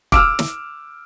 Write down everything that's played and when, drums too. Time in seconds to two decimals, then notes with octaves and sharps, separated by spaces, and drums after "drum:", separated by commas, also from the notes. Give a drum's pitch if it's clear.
0.12 D6 E6 F6, drum: kick
0.39 drum: snare